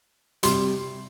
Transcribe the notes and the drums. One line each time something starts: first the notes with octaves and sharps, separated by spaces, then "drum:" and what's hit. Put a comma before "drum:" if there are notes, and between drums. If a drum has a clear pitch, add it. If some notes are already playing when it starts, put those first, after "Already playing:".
C3 G3 C6, drum: hi-hat